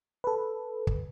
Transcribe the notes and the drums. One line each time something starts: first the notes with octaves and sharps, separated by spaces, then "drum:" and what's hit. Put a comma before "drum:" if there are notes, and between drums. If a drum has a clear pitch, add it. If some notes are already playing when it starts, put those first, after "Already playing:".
A4 B4
drum: kick